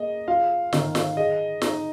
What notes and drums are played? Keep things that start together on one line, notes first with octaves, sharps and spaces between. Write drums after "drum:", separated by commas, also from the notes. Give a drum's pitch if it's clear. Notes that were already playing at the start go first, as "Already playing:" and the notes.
Already playing: A#3 G#4 D#5
F4 F5
D#3, drum: snare
drum: snare
G#4 D#5
D#4, drum: snare